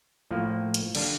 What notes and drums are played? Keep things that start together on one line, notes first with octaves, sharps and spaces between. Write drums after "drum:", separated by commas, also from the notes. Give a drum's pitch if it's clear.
A2 F3 A#3
drum: hi-hat
D3 G3 A#3 D4, drum: cymbal